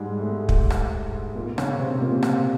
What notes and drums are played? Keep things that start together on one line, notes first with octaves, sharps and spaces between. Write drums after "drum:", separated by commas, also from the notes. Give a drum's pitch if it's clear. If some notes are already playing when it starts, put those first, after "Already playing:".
Already playing: G#2 G3 G#3
A2 A3
drum: kick
drum: rim click
A#2 A#3
C#3 C#4, drum: rim click
C3 C4
A#2 A#3
drum: rim click